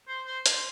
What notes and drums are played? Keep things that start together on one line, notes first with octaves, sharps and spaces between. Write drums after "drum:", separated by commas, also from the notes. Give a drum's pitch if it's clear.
C5
C5
C5, drum: hi-hat